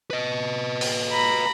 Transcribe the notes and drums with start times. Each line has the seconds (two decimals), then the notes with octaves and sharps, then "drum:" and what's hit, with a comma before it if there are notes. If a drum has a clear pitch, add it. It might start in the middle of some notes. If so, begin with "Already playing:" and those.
0.10 B4 D#5
0.81 drum: open hi-hat
1.12 A#5 B5